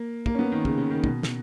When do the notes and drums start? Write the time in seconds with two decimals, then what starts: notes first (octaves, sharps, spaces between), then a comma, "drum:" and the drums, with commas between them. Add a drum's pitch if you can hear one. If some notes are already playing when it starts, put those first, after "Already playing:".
Already playing: A#3
0.26 A#3, drum: kick
0.35 C#4
0.39 B3
0.52 D#3
0.65 C#3, drum: kick
0.78 C#3
0.91 D#3
1.04 B2, drum: kick
1.23 drum: snare